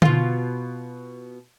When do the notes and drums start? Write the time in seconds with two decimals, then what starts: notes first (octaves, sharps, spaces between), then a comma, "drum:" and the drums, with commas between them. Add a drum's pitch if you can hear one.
0.02 B2 F4, drum: tom D3